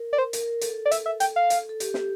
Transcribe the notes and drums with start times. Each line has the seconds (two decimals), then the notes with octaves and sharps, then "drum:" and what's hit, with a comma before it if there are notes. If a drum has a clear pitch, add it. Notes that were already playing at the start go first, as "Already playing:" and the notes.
Already playing: A#4
0.13 D5
0.18 C5
0.33 A#4, drum: hi-hat
0.48 A#4
0.61 A4, drum: hi-hat
0.86 D5
0.91 E5, drum: hi-hat
1.06 E5
1.20 G5, drum: hi-hat
1.36 F5
1.50 drum: hi-hat
1.69 A4
1.80 G4, drum: hi-hat
1.94 G4, drum: snare